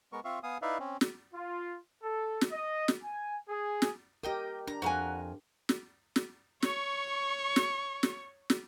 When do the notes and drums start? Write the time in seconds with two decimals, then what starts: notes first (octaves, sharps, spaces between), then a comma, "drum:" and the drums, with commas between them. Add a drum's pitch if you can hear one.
0.12 G#3 B3 A#4 C#6
0.25 C4 F4 E5 F5 C#6
0.43 B3 F5 G#5 D#6
0.62 D#4 E4 B4 D5 E5 F5
0.79 C4 C#4
1.01 drum: snare
1.34 F4
2.02 A4
2.41 drum: snare
2.51 D#5
2.88 drum: snare
3.03 G#5
3.48 G#4
3.82 drum: snare
4.23 G4 A#4 D#5 G5 D#6
4.67 D4 A#5
4.82 F2 F#4 G#5 A#5 F#6
5.69 drum: snare
6.16 drum: snare
6.62 C#5 C#6, drum: snare
7.56 drum: snare
8.03 drum: snare
8.50 drum: snare